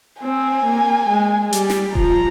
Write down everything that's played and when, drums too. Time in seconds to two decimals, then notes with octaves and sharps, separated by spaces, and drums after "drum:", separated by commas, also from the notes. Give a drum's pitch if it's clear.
0.22 C4 G#5
0.65 A#3
1.09 G#3
1.53 G3, drum: hi-hat
1.70 drum: snare
1.95 F3 A#5, drum: kick D#1